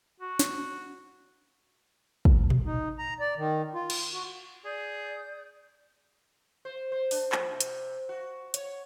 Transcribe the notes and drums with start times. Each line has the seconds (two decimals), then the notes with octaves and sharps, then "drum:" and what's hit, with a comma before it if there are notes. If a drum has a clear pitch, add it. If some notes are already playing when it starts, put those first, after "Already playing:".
0.20 F#4
0.39 drum: snare
2.25 drum: kick
2.50 drum: tom A#2
2.66 D#4
2.99 A#5
3.20 D5
3.37 D#3
3.74 F4
3.90 drum: cymbal
4.13 F#4
4.65 G#4 D5 D#6 G6
6.65 C5
6.92 C5
7.11 D4, drum: open hi-hat
7.32 F3, drum: clap
7.51 C3
7.61 drum: hi-hat
8.09 F#4
8.54 C#5, drum: hi-hat